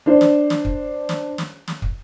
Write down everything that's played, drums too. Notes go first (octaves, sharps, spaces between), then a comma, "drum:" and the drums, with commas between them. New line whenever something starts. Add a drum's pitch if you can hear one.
D4 C5
drum: snare
drum: snare
drum: kick
drum: snare
drum: snare
drum: snare
drum: kick